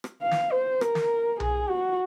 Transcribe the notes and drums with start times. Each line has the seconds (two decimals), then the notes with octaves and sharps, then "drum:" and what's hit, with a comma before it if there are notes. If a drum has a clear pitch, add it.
0.04 drum: rim click
0.22 F5
0.31 drum: snare
0.52 C5
0.81 A#4, drum: rim click
0.95 drum: snare
1.40 G#4, drum: tom B1
1.69 F#4